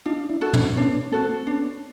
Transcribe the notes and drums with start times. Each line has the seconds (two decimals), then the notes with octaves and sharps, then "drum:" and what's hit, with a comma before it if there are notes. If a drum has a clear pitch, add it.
0.06 D4 D#4 F4
0.29 D4 E4
0.41 F#4 A4
0.53 C4 D4, drum: tom
0.77 B3 C#4 D4
1.12 A#3 C4 F#4 A4
1.47 B3 C#4 D4